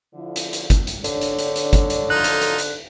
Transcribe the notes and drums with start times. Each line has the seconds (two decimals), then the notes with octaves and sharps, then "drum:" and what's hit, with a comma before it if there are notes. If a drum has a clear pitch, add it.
0.14 D3 F3 E4
0.36 drum: hi-hat
0.53 drum: hi-hat
0.70 drum: kick G1, hi-hat
0.87 drum: hi-hat
1.04 D3 D4 C#5, drum: hi-hat
1.21 drum: hi-hat
1.39 drum: hi-hat
1.56 drum: hi-hat
1.73 drum: kick G1, hi-hat
1.90 drum: hi-hat
2.10 F3 F#3 D#4 F4 A4 F#6
2.24 drum: hi-hat
2.41 drum: hi-hat
2.58 drum: hi-hat